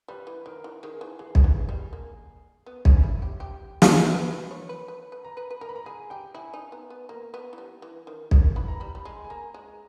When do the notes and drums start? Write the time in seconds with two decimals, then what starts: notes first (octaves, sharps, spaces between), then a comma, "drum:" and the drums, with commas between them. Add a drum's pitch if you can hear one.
0.08 G3 B4
0.27 E3
0.46 D#3 A#4
0.64 E3
0.83 D#3 G#4
1.01 E3
1.19 E3 G#4
1.35 D#3, drum: kick B1
1.44 E3
1.69 G3
1.93 A#3
2.66 B3
2.85 C#4, drum: kick B1
3.03 E4
3.22 G4
3.40 G4 G5
3.82 drum: snare
4.14 B4
4.33 B4
4.51 C#5
4.69 B4
4.88 B4
5.12 B4
5.24 A#5
5.37 B4
5.50 B4
5.61 A#4 A#5
5.69 B5
5.76 A#5
5.86 G#4 G#5
6.10 G4 G5
6.35 E4 G#5
6.54 D#4
6.72 B3
6.90 B3
7.09 A#3 A#5
7.34 B3
7.53 E3
7.58 G3
7.82 E3
8.07 D#3
8.31 D#3, drum: kick B1
8.56 E3 B5
8.68 A#5
8.80 G3 B5
8.95 G3
9.05 G#3
9.24 G#5
9.30 A#3 A#5
9.54 G#3